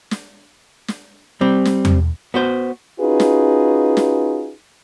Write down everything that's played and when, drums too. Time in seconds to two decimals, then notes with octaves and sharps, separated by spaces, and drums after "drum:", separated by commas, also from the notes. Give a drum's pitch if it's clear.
0.11 drum: snare
0.88 drum: snare
1.41 G3 C4
1.65 drum: snare
1.85 drum: tom E2
2.34 B3 F#4 C5
3.00 C#4 D#4 F4 F#4 G#4 B4
3.20 drum: snare
3.97 drum: snare